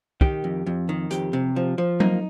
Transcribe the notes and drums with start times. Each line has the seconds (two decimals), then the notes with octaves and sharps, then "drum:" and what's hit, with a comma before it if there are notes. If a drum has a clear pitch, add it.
0.21 D#3 G4, drum: kick
0.44 F2
0.67 F2
0.89 D#3
1.11 F2 G4, drum: hi-hat
1.33 C3
1.56 F3
1.78 F3
2.00 A#3 D#4, drum: tom F#3